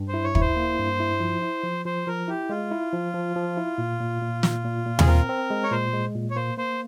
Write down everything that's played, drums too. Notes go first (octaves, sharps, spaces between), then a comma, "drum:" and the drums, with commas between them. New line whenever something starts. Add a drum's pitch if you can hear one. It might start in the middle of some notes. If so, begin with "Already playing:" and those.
Already playing: G2
C5
E4
C#5
E4, drum: kick
C5
A#3
G2
E4
F3
E4
F3
F3 C5
F3 A#4
E4 G4
G#3 F4
E4
F3
F3
F3
E4
A#2
A#2
A#2
A#2, drum: snare
A#2
A#2
G#4, drum: tom D#2
C4 A#4
C4
G#3
C#5
A#2 C5
G#3
A#2
C#5
A#3 C5
A#3 C5